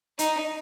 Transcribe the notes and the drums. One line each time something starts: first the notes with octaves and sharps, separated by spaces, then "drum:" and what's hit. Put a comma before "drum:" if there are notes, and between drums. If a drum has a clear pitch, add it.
D#4, drum: hi-hat